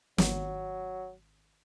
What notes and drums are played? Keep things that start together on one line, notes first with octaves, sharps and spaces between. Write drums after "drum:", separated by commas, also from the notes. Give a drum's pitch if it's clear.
G#1 F#3, drum: snare